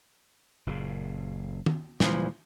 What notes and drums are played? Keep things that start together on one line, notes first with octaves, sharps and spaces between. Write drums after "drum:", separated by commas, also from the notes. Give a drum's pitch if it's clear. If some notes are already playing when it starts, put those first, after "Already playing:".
F#1 A#2 C#3
drum: tom
D2 A#2 E3 F3 G3 G#3, drum: snare